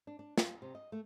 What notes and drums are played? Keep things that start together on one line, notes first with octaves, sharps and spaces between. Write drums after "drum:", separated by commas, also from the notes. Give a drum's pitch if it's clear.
D4
D4
F4, drum: snare
C3
D#5
A3